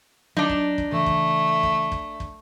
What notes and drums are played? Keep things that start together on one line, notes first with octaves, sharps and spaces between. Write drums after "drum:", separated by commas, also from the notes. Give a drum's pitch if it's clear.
F#3 D4 D#4
drum: kick
drum: kick
C#3 E3 A3
drum: kick
drum: kick
drum: kick
drum: kick